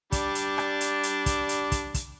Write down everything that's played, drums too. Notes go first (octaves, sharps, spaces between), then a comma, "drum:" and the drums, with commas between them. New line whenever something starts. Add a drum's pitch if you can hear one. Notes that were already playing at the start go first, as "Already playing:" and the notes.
G3 D4, drum: kick, hi-hat
drum: hi-hat
drum: rim click
drum: hi-hat
drum: hi-hat
drum: kick, hi-hat
drum: hi-hat
drum: kick, hi-hat
drum: kick, hi-hat